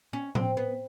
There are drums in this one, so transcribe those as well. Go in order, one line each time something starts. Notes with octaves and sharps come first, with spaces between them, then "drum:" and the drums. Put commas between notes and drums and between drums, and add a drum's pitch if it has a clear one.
C#4
C4, drum: tom A2
B3